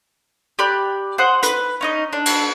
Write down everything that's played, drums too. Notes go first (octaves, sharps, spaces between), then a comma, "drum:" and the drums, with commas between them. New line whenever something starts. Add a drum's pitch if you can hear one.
G4 D5 B5 F#6
C5 F#5 D#6
B4, drum: hi-hat
C#4 D#4 D#5
D4
drum: cymbal